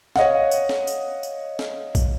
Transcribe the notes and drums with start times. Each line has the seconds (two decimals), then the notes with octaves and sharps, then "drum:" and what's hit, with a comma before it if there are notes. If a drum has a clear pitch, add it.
0.16 C#5 D#5 F5 F#5, drum: snare
0.51 drum: tambourine
0.69 drum: snare
0.87 drum: tambourine
1.23 drum: tambourine
1.59 drum: snare
1.95 drum: kick B1, tambourine